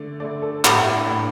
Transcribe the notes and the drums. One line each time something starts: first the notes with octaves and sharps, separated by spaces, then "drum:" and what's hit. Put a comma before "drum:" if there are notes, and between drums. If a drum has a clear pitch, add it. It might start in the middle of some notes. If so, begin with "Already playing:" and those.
Already playing: D3 A3 D5
D3 A3 D5
A4
A2 A3 G4, drum: clap
E4
D4
A2 A3 D4